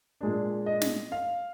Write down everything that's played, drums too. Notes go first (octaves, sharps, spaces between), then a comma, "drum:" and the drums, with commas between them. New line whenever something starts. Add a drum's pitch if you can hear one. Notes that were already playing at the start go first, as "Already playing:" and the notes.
A#2 G#3 D4
D#5
drum: snare
F5